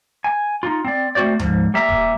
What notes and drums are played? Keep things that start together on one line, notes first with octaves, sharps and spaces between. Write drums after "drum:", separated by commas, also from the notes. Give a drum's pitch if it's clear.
G#5
D#4 F4
C4 D5
A3 C4 F#4 C5 D5
G#2 F3, drum: tom D2
G3 A#3 E5 A#5
drum: kick D#1